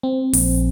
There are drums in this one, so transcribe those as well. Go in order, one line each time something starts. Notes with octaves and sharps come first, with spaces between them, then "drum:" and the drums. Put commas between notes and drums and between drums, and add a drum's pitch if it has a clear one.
C4
A#1, drum: open hi-hat